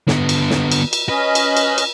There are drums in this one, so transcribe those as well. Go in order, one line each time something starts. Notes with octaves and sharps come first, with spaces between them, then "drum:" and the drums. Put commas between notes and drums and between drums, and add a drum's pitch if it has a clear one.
D3 B3, drum: snare
drum: cymbal
drum: snare
drum: cymbal
drum: cymbal
C#4 B4 D#5
drum: cymbal
drum: cymbal
drum: cymbal